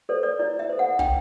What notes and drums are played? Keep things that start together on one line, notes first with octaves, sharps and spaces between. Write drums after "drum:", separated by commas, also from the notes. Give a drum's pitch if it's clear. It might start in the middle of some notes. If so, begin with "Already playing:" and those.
A4 C5 D5
D5
E4 D5
E5
A4 C5
F#5
D4 G5, drum: kick